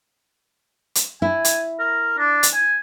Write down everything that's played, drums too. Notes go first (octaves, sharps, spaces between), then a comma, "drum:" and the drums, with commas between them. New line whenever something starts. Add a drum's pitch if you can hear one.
drum: hi-hat
E4 G#5
drum: hi-hat
A#4
D4
drum: hi-hat
G#5